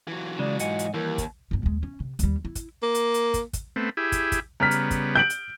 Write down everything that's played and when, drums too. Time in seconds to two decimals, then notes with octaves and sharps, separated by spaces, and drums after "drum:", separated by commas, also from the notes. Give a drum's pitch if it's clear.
0.08 E3 F#3
0.39 C#3 G#3 D5
0.59 G#2 D#5 F#5 G#5, drum: hi-hat
0.79 drum: hi-hat
0.94 D#2 E3 G3 A#4
1.18 drum: kick, hi-hat
1.51 G2 B2
1.63 D#2 G#3
1.83 C#4
2.00 C3
2.19 D#2 G3, drum: hi-hat
2.45 E4
2.55 drum: kick, hi-hat
2.82 A#3
2.95 drum: hi-hat
3.14 drum: hi-hat
3.34 drum: kick, hi-hat
3.53 drum: kick, hi-hat
3.76 A3 B3 C4
3.97 E4 G4 G#4
4.12 drum: kick, hi-hat
4.32 drum: kick, hi-hat
4.60 C#3 G3 B3 A#5 F6 B6
4.71 drum: hi-hat
4.91 drum: kick, hi-hat
5.15 G6 D7 F#7
5.30 drum: hi-hat